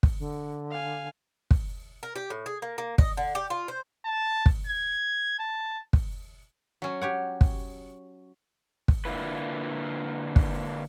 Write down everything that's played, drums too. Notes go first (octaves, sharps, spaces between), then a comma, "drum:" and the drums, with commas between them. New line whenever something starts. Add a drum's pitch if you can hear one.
drum: kick
D3
F5 G#5
drum: kick
A#4
G4
A2
G#4
A#3
A#3
D#5, drum: kick
D3
G4
F4
C5
A5
drum: kick
G#6
A5
drum: kick
F#3 C#4
G4 C#5 F#5
drum: kick
drum: kick
D3 A#3 E4 F4 B4
drum: kick